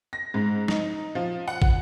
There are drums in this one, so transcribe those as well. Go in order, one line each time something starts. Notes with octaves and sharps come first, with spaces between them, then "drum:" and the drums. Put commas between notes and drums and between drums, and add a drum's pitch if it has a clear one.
A#6
G#2
D#4, drum: snare
F3
F#5
drum: kick